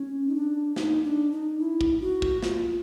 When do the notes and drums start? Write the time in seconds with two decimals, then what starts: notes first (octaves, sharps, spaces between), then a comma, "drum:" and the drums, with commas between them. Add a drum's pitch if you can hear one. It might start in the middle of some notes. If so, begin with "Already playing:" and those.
Already playing: C#4
0.28 D#4
0.35 D4
0.76 D#4, drum: snare
1.04 D4
1.32 D#4
1.59 E4
1.81 drum: kick
2.01 F#4
2.22 drum: kick
2.43 F4, drum: snare